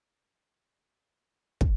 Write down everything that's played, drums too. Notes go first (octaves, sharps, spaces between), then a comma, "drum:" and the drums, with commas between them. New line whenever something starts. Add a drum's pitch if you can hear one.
G3 C4
A3
C3 A#3
F2 G3
F2 A3
G3 A3
drum: kick